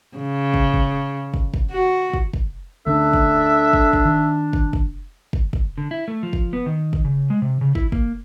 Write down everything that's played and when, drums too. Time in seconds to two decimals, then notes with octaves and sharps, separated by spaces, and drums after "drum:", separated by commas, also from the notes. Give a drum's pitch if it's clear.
0.17 C#3
0.54 drum: kick
0.74 drum: kick
1.34 drum: kick
1.54 drum: kick
1.71 F#4
2.14 drum: kick
2.33 drum: kick
2.87 D2 D3 C#4 D4 A4 E5
3.13 drum: kick
3.73 drum: kick
3.93 drum: kick
4.05 D#3
4.53 drum: kick
4.73 drum: kick
5.33 drum: kick
5.53 drum: kick
5.78 D3
5.91 E4
6.08 A3
6.23 F3
6.33 drum: kick
6.53 B3
6.66 D#3
6.93 drum: kick
7.05 C#3
7.30 G#3
7.42 C3
7.61 C#3
7.75 E4, drum: kick
7.92 A#3, drum: kick